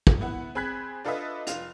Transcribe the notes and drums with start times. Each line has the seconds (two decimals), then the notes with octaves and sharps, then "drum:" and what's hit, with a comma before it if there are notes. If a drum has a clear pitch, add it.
0.07 drum: kick
0.21 B3 E4 F#5
0.55 C4 G#4 B5 F#6 G#6 B6
1.05 D4 F4 A4 B4 D#5 E5
1.47 F1 F4 F7, drum: hi-hat